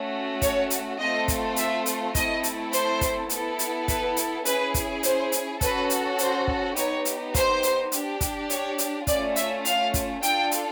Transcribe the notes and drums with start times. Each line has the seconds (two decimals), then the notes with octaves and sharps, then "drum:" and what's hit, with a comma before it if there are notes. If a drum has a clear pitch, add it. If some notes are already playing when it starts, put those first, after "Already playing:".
Already playing: A3 C#4 F#4
0.42 C#5, drum: kick, hi-hat
0.70 drum: hi-hat
1.00 A3 C4 F4 A4 D#5
1.28 drum: kick, hi-hat
1.56 E5, drum: hi-hat
1.86 drum: hi-hat
2.15 A3 C4 E4 A4 D#5, drum: kick, hi-hat
2.43 drum: hi-hat
2.73 C5, drum: hi-hat
3.01 drum: kick, hi-hat
3.29 B3 E4 A4, drum: hi-hat
3.59 drum: hi-hat
3.88 B4, drum: kick, hi-hat
4.17 drum: hi-hat
4.45 C#4 E4 G#4 B4, drum: hi-hat
4.74 drum: kick, hi-hat
5.03 C5, drum: hi-hat
5.32 drum: hi-hat
5.61 C#4 F#4 A4 B4, drum: kick, hi-hat
5.90 drum: hi-hat
6.19 C5, drum: hi-hat
6.47 drum: kick
6.76 B3 D#4 G4 C#5, drum: hi-hat
7.05 drum: hi-hat
7.35 C5, drum: kick, hi-hat
7.63 drum: hi-hat
7.92 D4 G4, drum: hi-hat
8.21 drum: kick, hi-hat
8.50 C#5, drum: hi-hat
8.78 drum: hi-hat
9.07 A3 C#4 F4 D5, drum: kick, hi-hat
9.36 E5, drum: hi-hat
9.65 F5, drum: hi-hat
9.94 drum: kick, hi-hat
10.23 D4 F4 A4 G5, drum: hi-hat
10.51 drum: hi-hat